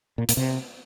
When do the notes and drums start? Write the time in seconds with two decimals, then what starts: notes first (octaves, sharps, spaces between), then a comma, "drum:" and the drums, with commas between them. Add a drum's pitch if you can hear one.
0.18 A#2
0.29 A#2, drum: hi-hat
0.37 C3